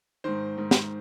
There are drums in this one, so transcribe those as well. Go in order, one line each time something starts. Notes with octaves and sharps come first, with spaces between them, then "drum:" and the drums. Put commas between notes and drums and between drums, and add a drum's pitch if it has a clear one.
G#2 D#3 C5
G#2 D#3
drum: snare